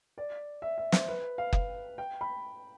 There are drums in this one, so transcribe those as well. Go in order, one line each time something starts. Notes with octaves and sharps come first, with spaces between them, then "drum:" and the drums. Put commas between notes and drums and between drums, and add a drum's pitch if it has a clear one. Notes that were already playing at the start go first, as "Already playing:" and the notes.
D5
E5
E5
C5, drum: snare
B4
F5
F5, drum: kick F#1
G5
B5